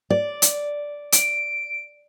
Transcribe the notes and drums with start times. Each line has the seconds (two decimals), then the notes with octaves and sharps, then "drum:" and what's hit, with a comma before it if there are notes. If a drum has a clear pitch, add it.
0.10 D5
0.42 drum: hi-hat
1.12 D7, drum: hi-hat